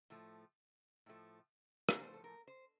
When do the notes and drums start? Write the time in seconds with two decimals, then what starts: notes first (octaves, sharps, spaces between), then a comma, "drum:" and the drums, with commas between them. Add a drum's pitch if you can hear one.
0.10 A2 F3 A3
1.06 A2 F3 A3
1.89 A#4, drum: rim click
2.00 A2 F3 A3 C5
2.14 A4
2.24 A#4
2.48 C5